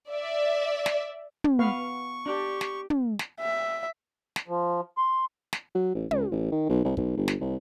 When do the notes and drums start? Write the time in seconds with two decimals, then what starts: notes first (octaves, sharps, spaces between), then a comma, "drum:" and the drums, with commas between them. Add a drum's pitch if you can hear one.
0.11 D5 E5
0.86 drum: snare
1.44 drum: tom
1.59 B3 B4 F5 C#6
2.26 D4 G4
2.61 drum: snare
2.90 drum: tom
3.19 drum: snare
3.40 E5
4.36 drum: snare
4.48 F3
4.98 C6
5.53 drum: snare
5.75 F#3
5.95 A1
6.11 C#2, drum: tom
6.32 A1
6.52 D#3
6.69 B1
6.84 C2
6.97 B1, drum: kick
7.17 G1
7.28 drum: snare
7.41 C2